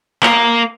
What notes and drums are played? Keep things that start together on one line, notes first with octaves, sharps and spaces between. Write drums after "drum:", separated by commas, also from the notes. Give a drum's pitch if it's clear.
A#3, drum: clap